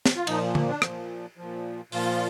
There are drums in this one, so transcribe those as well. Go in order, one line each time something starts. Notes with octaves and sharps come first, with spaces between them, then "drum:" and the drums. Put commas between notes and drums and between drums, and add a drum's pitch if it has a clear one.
drum: snare
F4
A#2 F3 D#4, drum: cymbal
A#3, drum: tom D3
D4
A#2 F3, drum: rim click
A#2 F3
A#2 F3 F4, drum: open hi-hat